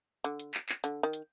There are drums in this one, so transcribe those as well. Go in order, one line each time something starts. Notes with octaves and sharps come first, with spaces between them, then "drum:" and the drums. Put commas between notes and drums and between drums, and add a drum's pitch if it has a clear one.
D3, drum: hi-hat
drum: hi-hat
drum: clap
drum: clap
D3, drum: hi-hat
D#3
drum: hi-hat